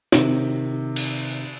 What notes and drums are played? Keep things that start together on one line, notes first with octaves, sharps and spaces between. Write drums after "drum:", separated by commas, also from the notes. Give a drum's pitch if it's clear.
C3 D#3, drum: snare
drum: cymbal